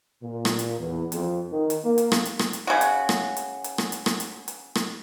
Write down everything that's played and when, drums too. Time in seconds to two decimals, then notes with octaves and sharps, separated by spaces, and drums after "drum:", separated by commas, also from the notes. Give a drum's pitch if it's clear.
0.22 A#2
0.45 drum: rim click
0.59 drum: hi-hat
0.79 E2
1.12 F2, drum: hi-hat
1.50 D#3
1.70 drum: hi-hat
1.84 A#3
1.98 drum: hi-hat
2.12 drum: rim click
2.25 drum: hi-hat
2.39 drum: rim click
2.53 drum: hi-hat
2.67 C#3 F#4
2.81 drum: hi-hat
3.09 drum: rim click
3.37 drum: hi-hat
3.64 drum: hi-hat
3.78 drum: rim click
3.92 drum: hi-hat
4.06 drum: rim click
4.20 drum: hi-hat
4.48 drum: hi-hat
4.75 drum: rim click